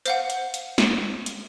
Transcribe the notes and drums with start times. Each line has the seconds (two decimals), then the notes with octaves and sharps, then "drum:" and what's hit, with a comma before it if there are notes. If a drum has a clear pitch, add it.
0.06 C5 F5 F#5, drum: hi-hat
0.30 drum: hi-hat
0.54 drum: hi-hat
0.78 drum: snare
1.26 drum: hi-hat